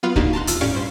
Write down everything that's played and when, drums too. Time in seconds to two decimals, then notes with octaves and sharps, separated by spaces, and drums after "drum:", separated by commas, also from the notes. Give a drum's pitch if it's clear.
0.03 F#3 B3 F4 B4 F5
0.16 A#3 D4 D#4 F#4 G4, drum: kick D2
0.33 A5 A#5 C6 F#6
0.47 E2 F4 E6, drum: hi-hat
0.61 A2 C#4 G4 D5 F5 C#6
0.75 G2 C5